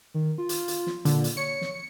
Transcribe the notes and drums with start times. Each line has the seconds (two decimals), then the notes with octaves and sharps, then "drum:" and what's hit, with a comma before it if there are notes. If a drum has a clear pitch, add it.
0.14 D#3
0.38 F4
0.49 drum: hi-hat
0.68 drum: hi-hat
0.87 drum: snare
1.05 A#2 D3, drum: hi-hat
1.24 drum: hi-hat
1.37 C#5 C#7
1.61 drum: snare